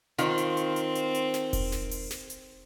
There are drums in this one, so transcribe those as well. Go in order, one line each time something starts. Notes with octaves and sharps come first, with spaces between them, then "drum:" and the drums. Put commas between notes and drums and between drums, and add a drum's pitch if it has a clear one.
D#3 C4 F4, drum: hi-hat
drum: hi-hat
drum: hi-hat
drum: hi-hat
drum: hi-hat
drum: hi-hat
drum: snare
drum: kick E1, open hi-hat
drum: snare
drum: open hi-hat
drum: snare
drum: hi-hat